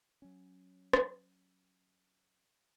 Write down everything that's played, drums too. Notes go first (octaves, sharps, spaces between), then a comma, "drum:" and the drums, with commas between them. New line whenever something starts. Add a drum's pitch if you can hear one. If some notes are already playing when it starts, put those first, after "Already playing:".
F#3 C#4
drum: rim click